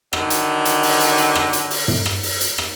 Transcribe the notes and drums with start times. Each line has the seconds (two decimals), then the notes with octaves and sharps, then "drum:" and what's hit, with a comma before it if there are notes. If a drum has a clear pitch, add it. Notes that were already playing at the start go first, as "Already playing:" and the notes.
0.13 D3 D#3 F#3, drum: rim click
0.30 drum: hi-hat
0.65 drum: hi-hat
0.83 drum: open hi-hat
1.00 drum: hi-hat
1.18 drum: hi-hat
1.35 drum: rim click
1.53 drum: hi-hat
1.70 drum: open hi-hat
1.88 drum: tom
2.06 drum: rim click
2.23 drum: open hi-hat
2.41 drum: hi-hat
2.58 drum: rim click